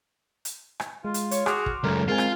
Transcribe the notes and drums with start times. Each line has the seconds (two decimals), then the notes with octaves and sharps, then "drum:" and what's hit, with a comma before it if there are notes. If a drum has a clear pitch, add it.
0.45 drum: hi-hat
0.80 drum: rim click
1.05 G#3 F4
1.14 drum: hi-hat
1.31 C#5, drum: hi-hat
1.46 F#4 G#4 C6 D6 F6, drum: rim click
1.66 drum: kick
1.84 C#2 F#2 A3 A#4
2.08 G#3 C4 F4 A#4 F5 G#5
2.18 drum: rim click